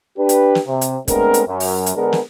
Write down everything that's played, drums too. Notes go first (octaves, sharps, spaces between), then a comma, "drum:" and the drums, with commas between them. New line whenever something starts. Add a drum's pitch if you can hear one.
D4 G4 B4
drum: hi-hat
drum: snare
C3
drum: hi-hat
G#3 A3 B3 C4 D4 A#4, drum: kick, hi-hat
drum: hi-hat
F#2
drum: open hi-hat
drum: hi-hat
D3 G#3 B3 D4 G#4 A#4
drum: snare